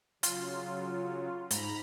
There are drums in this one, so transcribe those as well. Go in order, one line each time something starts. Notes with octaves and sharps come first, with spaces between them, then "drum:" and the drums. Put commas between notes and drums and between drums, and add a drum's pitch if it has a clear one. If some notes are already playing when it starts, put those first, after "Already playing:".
C#3 F#3 F4, drum: hi-hat
G#2 A#5 B5, drum: hi-hat